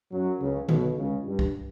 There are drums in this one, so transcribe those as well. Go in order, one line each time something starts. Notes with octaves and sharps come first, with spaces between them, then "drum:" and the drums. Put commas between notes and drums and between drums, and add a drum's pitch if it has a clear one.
F#2 F#3
C#2 C#3
B1 B2, drum: tom D3
C#2 C#3
G2
drum: kick